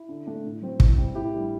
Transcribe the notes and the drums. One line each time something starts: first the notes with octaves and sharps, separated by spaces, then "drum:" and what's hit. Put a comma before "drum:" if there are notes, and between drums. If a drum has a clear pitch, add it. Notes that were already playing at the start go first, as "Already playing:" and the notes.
Already playing: E4
D3
A3 D4
A2
F#3 C4
E3, drum: kick
G3 C4
A2 E4 G4
E3 G3 D4